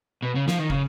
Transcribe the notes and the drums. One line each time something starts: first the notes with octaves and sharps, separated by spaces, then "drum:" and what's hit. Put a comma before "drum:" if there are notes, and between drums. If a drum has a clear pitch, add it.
B2
C#3
F3, drum: snare
D#3
C#3, drum: kick